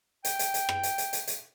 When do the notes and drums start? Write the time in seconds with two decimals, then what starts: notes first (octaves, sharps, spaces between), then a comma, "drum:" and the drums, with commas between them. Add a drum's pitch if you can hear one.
0.25 G5, drum: hi-hat
0.39 drum: hi-hat
0.54 drum: hi-hat
0.69 drum: rim click
0.83 drum: hi-hat
0.98 drum: hi-hat
1.13 drum: hi-hat
1.27 drum: hi-hat